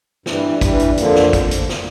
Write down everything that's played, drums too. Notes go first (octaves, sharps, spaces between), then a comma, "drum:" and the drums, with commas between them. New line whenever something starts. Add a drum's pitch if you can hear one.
G2 E3 G3, drum: snare
G2 E3 G3, drum: kick, hi-hat
drum: hi-hat
F2 D3 F3 A#3, drum: hi-hat
drum: snare
drum: kick, hi-hat
drum: hi-hat
drum: snare